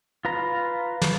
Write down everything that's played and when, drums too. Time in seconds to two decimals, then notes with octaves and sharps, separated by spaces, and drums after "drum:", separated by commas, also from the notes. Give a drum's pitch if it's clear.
0.25 F4 B4 A#5
1.02 drum: snare